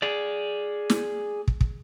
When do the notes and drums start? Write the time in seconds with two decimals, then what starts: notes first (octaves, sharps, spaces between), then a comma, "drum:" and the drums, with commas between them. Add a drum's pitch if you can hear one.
0.02 G#4 D5
0.90 drum: snare
1.48 drum: kick
1.61 drum: kick